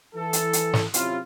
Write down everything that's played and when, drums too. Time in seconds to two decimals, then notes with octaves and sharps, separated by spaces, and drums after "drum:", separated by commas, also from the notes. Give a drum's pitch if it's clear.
0.15 E3 A4
0.33 drum: hi-hat
0.53 drum: hi-hat
0.73 drum: snare
0.94 F#2 C3 C#4 E4 F4, drum: hi-hat